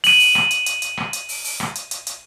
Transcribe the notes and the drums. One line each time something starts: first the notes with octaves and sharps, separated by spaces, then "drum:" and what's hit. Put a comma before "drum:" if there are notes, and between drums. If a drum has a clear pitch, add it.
D#7 F#7, drum: open hi-hat
drum: open hi-hat
drum: rim click
drum: hi-hat
drum: hi-hat
drum: hi-hat
drum: rim click
drum: hi-hat
drum: open hi-hat
drum: open hi-hat
drum: rim click
drum: hi-hat
drum: hi-hat
drum: hi-hat